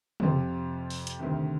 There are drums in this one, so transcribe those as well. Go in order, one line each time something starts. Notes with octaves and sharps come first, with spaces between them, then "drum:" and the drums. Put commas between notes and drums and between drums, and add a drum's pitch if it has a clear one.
F2 C3 F3, drum: tom
drum: open hi-hat
drum: hi-hat
D2 C3 D#3